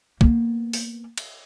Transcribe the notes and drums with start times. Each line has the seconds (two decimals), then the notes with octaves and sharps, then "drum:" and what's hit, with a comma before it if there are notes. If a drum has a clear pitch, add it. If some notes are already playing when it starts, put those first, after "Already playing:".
0.21 A#3 B3, drum: kick
0.73 drum: open hi-hat
1.18 drum: cymbal